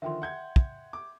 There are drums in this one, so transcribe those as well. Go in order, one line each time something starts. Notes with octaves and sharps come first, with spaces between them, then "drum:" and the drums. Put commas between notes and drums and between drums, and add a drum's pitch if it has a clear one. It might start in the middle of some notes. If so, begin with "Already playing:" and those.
D3 D#3 F3 E5 G5 C6
F#5 G6 G#6
drum: kick
D6